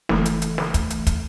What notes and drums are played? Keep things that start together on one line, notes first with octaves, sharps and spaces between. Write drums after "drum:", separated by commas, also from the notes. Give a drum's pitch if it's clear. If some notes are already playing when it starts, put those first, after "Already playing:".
F#1 E3 A3, drum: snare
drum: hi-hat
drum: hi-hat
drum: snare
drum: kick, hi-hat
drum: hi-hat
drum: kick, hi-hat